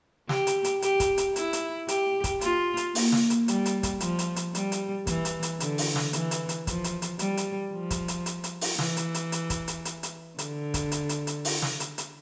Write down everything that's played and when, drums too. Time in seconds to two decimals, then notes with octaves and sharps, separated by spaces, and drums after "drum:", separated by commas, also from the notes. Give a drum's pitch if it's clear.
0.29 G4, drum: snare
0.47 drum: hi-hat
0.64 drum: hi-hat
0.82 G4, drum: hi-hat
1.00 drum: kick, hi-hat
1.18 drum: hi-hat
1.36 E4, drum: hi-hat
1.53 drum: hi-hat
1.88 G4, drum: hi-hat
2.24 drum: kick, hi-hat
2.41 F4, drum: hi-hat
2.77 drum: hi-hat
2.95 A#3, drum: open hi-hat
3.12 drum: snare
3.30 drum: hi-hat
3.48 G3, drum: hi-hat
3.65 drum: hi-hat
3.83 drum: kick, hi-hat
4.00 F3, drum: hi-hat
4.19 drum: hi-hat
4.36 drum: hi-hat
4.55 G3, drum: hi-hat
4.72 drum: hi-hat
5.07 E3, drum: kick, hi-hat
5.25 drum: hi-hat
5.43 drum: hi-hat
5.60 D3, drum: hi-hat
5.78 drum: open hi-hat
5.96 drum: snare
6.13 E3, drum: hi-hat
6.31 drum: hi-hat
6.49 drum: hi-hat
6.67 F3, drum: kick, hi-hat
6.84 drum: hi-hat
7.02 drum: hi-hat
7.19 G3, drum: hi-hat
7.37 drum: hi-hat
7.73 F3
7.90 drum: kick, hi-hat
8.08 drum: hi-hat
8.26 drum: hi-hat
8.44 drum: hi-hat
8.61 drum: open hi-hat
8.79 E3, drum: snare
8.97 drum: hi-hat
9.14 drum: hi-hat
9.32 drum: hi-hat
9.50 drum: kick, hi-hat
9.68 drum: hi-hat
9.85 drum: hi-hat
10.03 drum: hi-hat
10.38 D3, drum: hi-hat
10.74 drum: kick, hi-hat
10.92 drum: hi-hat
11.09 drum: hi-hat
11.27 drum: hi-hat
11.45 drum: open hi-hat
11.62 drum: snare
11.80 drum: hi-hat
11.98 drum: hi-hat